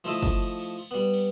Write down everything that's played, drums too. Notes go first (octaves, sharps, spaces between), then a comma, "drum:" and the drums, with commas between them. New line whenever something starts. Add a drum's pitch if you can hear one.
F3 A3 E4 F4 D#5 E5, drum: cymbal
drum: kick, cymbal
drum: cymbal
drum: cymbal
drum: cymbal
G3 B3
drum: cymbal